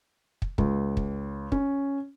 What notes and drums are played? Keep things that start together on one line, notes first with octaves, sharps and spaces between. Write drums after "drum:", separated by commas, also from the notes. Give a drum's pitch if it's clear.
drum: kick
C#2, drum: kick
drum: kick
C#4, drum: kick